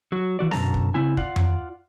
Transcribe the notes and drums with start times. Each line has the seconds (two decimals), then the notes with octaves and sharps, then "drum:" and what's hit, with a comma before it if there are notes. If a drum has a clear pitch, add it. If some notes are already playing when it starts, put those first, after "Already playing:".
0.12 F#3 F#4
0.39 E3 F#4 D5
0.51 F#2 B2 D3 A5 A#5, drum: snare B3
0.74 drum: kick
0.94 C#3 C4 E4 G#5
1.17 F4 D5 F5 F#5, drum: kick
1.36 drum: tom F2